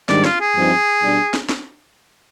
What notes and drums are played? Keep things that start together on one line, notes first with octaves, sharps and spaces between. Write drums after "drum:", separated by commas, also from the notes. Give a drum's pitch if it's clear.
G#2 D#3 G3 D4 D5, drum: snare
F4, drum: snare
G#4
G2 F3 C4 D#4
B2 G3 D4
drum: snare
drum: snare